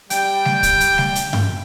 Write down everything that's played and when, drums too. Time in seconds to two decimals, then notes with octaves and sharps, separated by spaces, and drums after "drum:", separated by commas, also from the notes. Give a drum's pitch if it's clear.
0.10 G3 G5, drum: hi-hat
0.45 drum: snare
0.63 drum: kick, hi-hat
0.80 drum: hi-hat
0.98 drum: snare
1.15 drum: hi-hat
1.33 drum: tom G2